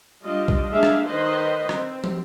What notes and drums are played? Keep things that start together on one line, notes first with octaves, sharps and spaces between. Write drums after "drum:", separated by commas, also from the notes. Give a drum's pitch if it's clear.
G3 D4 F4 D#5
drum: kick B1
G#3 A#3 D4 G#4 E5 F5
drum: rim click
D#3 B4 C5 D#5 C6
C4, drum: rim click
drum: tom